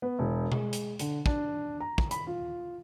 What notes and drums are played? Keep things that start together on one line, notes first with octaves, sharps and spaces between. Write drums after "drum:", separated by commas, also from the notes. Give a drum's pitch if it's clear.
B3
E1
G#3, drum: tom B2
drum: hi-hat
D3, drum: hi-hat
D4, drum: kick
A#5
drum: kick
B5, drum: hi-hat
F4